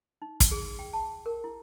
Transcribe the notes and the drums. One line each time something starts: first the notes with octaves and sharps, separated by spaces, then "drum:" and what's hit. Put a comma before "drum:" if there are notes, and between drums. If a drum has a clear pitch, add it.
D#4
drum: kick, hi-hat
G#4
G5
A5
A#4
E4